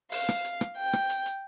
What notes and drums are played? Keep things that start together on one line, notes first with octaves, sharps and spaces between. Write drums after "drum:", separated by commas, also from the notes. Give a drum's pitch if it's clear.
F5, drum: open hi-hat
drum: rim click
drum: hi-hat
drum: rim click
G5
drum: rim click
drum: hi-hat
drum: hi-hat